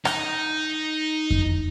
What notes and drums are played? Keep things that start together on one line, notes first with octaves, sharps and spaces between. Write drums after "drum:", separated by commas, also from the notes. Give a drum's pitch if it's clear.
D#4, drum: rim click
drum: kick F2